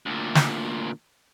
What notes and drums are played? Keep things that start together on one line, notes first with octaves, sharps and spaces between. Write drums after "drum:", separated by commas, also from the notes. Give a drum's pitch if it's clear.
D2 A#2
drum: snare